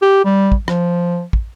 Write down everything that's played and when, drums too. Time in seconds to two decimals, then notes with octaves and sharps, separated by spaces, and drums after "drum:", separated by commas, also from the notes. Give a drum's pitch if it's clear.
0.02 G4
0.24 G3
0.52 drum: kick
0.68 F3, drum: rim click
1.33 drum: kick